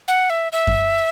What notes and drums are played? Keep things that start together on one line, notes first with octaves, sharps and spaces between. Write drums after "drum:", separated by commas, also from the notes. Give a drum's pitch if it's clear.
F#5
E5
E5
drum: kick F#2